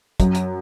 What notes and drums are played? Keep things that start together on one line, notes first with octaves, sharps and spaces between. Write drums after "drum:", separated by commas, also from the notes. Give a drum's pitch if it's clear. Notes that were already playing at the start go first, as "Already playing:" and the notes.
F#2, drum: kick, hi-hat
drum: hi-hat